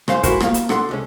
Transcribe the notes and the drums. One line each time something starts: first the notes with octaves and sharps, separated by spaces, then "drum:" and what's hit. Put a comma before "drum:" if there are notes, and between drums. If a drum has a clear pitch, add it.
B1 C#3 C5 F5, drum: rim click
G#3 E4 F#4 A4 A#4 C5, drum: kick, hi-hat
A#3 F5, drum: rim click
drum: hi-hat
D4 A4 F#5 C6, drum: rim click
C2 G#3 C#4